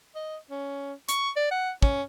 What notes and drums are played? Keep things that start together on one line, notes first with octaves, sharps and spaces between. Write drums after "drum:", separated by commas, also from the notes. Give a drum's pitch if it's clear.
D#5
C#4
C#6, drum: hi-hat
D5
F#5
C#4, drum: kick